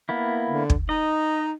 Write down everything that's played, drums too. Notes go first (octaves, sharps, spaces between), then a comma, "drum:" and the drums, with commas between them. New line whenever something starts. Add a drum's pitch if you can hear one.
A#3 B3 E4
D3
drum: kick
D#4 D#5